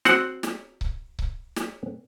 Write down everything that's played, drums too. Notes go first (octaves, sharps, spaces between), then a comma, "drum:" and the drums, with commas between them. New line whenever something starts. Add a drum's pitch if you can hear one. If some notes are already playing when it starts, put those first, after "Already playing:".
C4 F#4 F#5, drum: snare
drum: snare
drum: kick C#1
drum: kick C#1
drum: snare